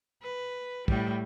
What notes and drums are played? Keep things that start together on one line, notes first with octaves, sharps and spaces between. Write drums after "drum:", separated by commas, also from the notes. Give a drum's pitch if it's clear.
B4
A2 G3, drum: kick